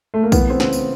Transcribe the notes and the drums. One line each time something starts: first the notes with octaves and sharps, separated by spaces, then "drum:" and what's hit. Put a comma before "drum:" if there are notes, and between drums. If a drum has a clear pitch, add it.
A3
A#3
E3 B3, drum: kick, tambourine
C4
C#3, drum: snare
drum: tambourine